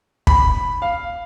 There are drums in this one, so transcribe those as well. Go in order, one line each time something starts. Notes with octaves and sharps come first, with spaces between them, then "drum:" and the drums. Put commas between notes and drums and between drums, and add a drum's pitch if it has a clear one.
B5, drum: kick
F5